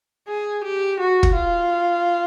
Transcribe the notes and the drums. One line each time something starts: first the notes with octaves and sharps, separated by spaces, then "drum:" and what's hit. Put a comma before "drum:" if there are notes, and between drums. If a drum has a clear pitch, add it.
G#4
G4
F#4
drum: kick
F4